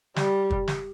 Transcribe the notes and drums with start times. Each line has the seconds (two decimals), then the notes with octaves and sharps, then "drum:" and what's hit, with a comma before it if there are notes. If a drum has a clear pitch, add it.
0.16 G3, drum: snare
0.50 drum: kick
0.68 drum: snare